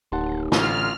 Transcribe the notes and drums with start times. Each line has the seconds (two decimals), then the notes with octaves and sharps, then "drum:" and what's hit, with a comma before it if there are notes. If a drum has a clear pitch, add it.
0.12 D1 D#2 F#5 A5 C6
0.52 A1 D3 F4 F6, drum: snare